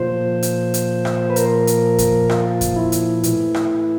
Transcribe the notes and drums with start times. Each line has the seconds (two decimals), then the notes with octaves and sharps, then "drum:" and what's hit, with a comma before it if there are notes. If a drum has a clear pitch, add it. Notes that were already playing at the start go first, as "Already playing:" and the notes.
Already playing: A#2 F3 C5
0.43 drum: hi-hat
0.74 drum: hi-hat
1.05 drum: rim click
1.30 B4
1.36 A#4, drum: hi-hat
1.67 drum: hi-hat
1.98 drum: kick F2, hi-hat
2.30 F4, drum: rim click
2.61 drum: kick F2, hi-hat
2.76 E4
2.92 drum: hi-hat
3.23 A2 E3, drum: hi-hat
3.54 drum: rim click